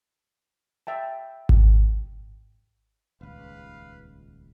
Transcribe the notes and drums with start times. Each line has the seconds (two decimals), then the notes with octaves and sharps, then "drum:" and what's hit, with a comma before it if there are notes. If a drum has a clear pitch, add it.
0.87 E5 G5 A5
1.49 drum: kick G#1
3.21 D#1 C#2 B4 F5